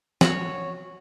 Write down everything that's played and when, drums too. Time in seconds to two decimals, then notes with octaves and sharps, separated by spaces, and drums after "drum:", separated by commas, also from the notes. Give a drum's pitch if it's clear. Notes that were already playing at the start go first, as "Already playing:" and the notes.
0.21 F#4 C#5, drum: snare